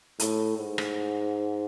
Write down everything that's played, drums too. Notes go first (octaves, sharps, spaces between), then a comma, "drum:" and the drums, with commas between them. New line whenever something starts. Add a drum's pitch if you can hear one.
A2, drum: hi-hat
G#2
drum: rim click